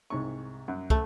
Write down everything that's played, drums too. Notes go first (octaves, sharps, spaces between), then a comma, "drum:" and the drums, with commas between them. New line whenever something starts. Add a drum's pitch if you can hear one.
C2 G#2 C#6
F#2 F#5
A3, drum: kick